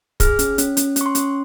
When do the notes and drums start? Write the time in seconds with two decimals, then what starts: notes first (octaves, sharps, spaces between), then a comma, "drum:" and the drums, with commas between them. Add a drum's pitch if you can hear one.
0.20 G#4 F6, drum: kick, hi-hat
0.39 C#4, drum: hi-hat
0.58 C#4, drum: hi-hat
0.77 C#4, drum: hi-hat
0.96 C#4 C#6, drum: hi-hat
1.06 C6
1.15 C#4, drum: hi-hat